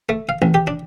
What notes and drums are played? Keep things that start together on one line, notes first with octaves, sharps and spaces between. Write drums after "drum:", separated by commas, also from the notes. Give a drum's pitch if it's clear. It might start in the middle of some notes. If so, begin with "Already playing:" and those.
A3
F5
A1, drum: tom E3
G4
D4